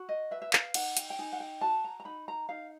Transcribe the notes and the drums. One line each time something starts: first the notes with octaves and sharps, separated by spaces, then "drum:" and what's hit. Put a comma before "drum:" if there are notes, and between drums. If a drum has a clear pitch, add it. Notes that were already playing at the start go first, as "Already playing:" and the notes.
Already playing: F#4
D#5
B4 E5
E5
F5, drum: clap
D#4 F#5, drum: cymbal
G5, drum: hi-hat
G5
D#4 G#5
F#5
G5
F#4 A5
A#5
A#5
D#4 B5
A#5
D#4 F5